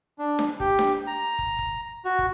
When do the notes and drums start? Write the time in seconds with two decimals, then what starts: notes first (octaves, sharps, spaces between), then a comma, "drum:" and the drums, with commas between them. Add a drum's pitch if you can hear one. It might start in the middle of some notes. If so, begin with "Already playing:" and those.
0.19 D4
0.39 drum: snare D4
0.60 G4, drum: kick
0.79 drum: snare D4
1.07 A#5
1.39 drum: kick
1.59 drum: kick
2.05 F#4
2.19 drum: kick